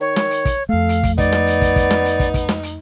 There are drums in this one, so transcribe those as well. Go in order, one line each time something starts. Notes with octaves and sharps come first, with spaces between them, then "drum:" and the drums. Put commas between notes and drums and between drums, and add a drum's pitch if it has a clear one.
D#3 C#5
drum: snare
drum: hi-hat
drum: kick, hi-hat
F2 A3 A4 F5
drum: hi-hat
drum: kick, hi-hat
B3 D#4 D5, drum: kick, hi-hat
drum: snare
drum: hi-hat
drum: kick, hi-hat
drum: kick, hi-hat
drum: snare
drum: hi-hat
drum: kick, hi-hat
drum: kick, hi-hat
drum: snare
drum: hi-hat